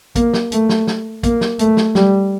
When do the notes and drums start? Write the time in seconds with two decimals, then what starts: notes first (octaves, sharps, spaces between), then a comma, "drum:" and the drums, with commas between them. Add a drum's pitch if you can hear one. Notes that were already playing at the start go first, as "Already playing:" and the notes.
0.16 A#3, drum: kick, hi-hat
0.33 drum: snare
0.52 A3, drum: hi-hat
0.69 drum: snare
0.87 drum: snare
1.23 A#3, drum: kick, hi-hat
1.41 drum: snare
1.59 A3, drum: hi-hat
1.77 drum: snare
1.95 G3, drum: snare